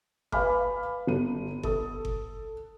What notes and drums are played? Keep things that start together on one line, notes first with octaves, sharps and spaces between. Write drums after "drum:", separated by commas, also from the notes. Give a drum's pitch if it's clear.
B4 F5 G#5 B5 D6 F6, drum: kick G1
G1 D#7
A4 D#6, drum: kick G1
drum: kick G1